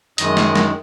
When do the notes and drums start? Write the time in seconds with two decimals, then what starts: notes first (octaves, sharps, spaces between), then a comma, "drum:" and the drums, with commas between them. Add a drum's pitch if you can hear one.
0.18 F#2 D#3 G#3 D#5, drum: hi-hat
0.37 drum: snare
0.55 drum: snare